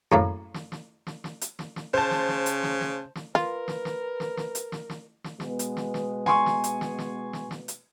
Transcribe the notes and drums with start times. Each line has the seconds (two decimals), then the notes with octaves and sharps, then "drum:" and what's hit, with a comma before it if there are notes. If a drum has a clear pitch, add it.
0.12 F#2 A2 A#3
0.54 drum: snare
0.72 drum: snare
1.07 drum: snare
1.24 drum: snare
1.41 drum: hi-hat
1.59 drum: snare
1.76 drum: snare
1.94 C#3 C5 A5
2.11 drum: snare
2.28 drum: snare
2.46 drum: hi-hat
2.63 drum: snare
2.81 drum: snare
3.15 drum: snare
3.35 F4 A#4 B4, drum: snare
3.68 drum: snare
3.85 drum: snare
4.20 drum: snare
4.37 drum: snare
4.55 drum: hi-hat
4.72 drum: snare
4.90 drum: snare
5.24 drum: snare
5.40 B2 G#3 B3, drum: snare
5.59 drum: hi-hat
5.77 drum: snare
5.94 drum: snare
6.26 G#5 C6 C#6, drum: snare
6.46 drum: snare
6.64 drum: hi-hat
6.81 drum: snare
6.98 drum: snare
7.33 drum: snare
7.51 drum: snare
7.68 drum: hi-hat